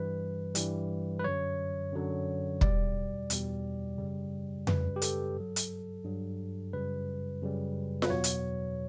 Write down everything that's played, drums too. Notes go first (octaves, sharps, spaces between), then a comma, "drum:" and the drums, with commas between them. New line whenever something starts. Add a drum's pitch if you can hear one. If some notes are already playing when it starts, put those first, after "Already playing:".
Already playing: G2 E3 G3 B4
G2 E3 G3, drum: hi-hat
B4
F#2 D3 F#3 C#5
F#2 D3 F#3
E2 B2 G3 D5, drum: kick
E2 B2 G3, drum: hi-hat
F#2 C#3 G3
F#2 C#3 G3 B4, drum: tom F2
G4
A4, drum: hi-hat
G2 F#3
drum: hi-hat
G2 F#3
F#2 C#3 G3 B4
F#2 C#3 G3
B4, drum: snare F4
E2 B2 F#3 C#5
drum: hi-hat